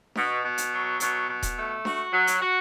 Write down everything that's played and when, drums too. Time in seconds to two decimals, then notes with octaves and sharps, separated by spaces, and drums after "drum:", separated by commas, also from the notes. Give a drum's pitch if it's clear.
0.15 B2, drum: snare D4
0.44 B2
0.58 drum: hi-hat
0.72 F#3
1.00 B2, drum: hi-hat
1.29 B2
1.42 drum: kick D#1, hi-hat
1.57 A3
1.85 F#4, drum: snare D4
2.13 F#3
2.27 drum: hi-hat
2.41 F#4